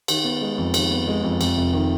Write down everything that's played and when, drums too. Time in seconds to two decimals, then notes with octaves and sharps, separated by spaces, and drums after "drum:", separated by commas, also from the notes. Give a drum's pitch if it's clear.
0.08 D#3, drum: cymbal
0.24 B3
0.41 G#3
0.58 F2
0.74 D#3, drum: cymbal
0.91 B3
1.08 G#3
1.24 F2
1.41 F2, drum: cymbal
1.57 F1
1.73 D#3